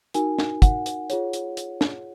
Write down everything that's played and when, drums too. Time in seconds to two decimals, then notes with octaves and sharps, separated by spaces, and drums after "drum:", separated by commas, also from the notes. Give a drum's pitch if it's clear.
0.14 D#4 F#4 A#4 G#5, drum: hi-hat
0.39 drum: snare
0.62 F#5, drum: kick, hi-hat
0.86 drum: hi-hat
1.10 F4 G#4 C#5, drum: hi-hat
1.33 drum: hi-hat
1.57 drum: hi-hat
1.81 drum: snare